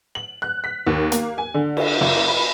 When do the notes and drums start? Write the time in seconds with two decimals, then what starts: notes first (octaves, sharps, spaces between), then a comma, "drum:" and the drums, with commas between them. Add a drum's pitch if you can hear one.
0.15 F#7
0.42 F#6
0.64 B6
0.87 D#2
1.12 A#3, drum: hi-hat
1.38 G#5
1.54 D3
1.77 drum: cymbal
2.01 F#1
2.28 B5